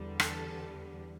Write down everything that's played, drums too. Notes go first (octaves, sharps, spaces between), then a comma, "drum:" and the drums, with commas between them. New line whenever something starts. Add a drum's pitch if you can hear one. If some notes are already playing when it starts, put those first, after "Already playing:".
Already playing: E2 D3 G3
A4, drum: rim click